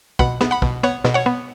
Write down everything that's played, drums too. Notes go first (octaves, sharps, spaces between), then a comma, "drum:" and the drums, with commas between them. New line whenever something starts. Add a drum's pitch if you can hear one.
B2 F#5 B5, drum: kick
B3, drum: snare
F#5 B5
B2, drum: kick
B3 C#5 F#5
B2, drum: snare
C#5 F#5
B3